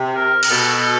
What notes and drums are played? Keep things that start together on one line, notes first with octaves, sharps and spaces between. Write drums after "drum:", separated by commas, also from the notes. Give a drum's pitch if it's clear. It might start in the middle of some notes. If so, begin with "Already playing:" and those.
Already playing: C3
A#4
A#4, drum: cymbal
B2 A4